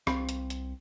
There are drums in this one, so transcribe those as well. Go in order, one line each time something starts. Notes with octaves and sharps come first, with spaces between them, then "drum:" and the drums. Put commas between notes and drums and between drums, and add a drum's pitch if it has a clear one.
C2 C4 F5 B5, drum: rim click
drum: hi-hat
drum: hi-hat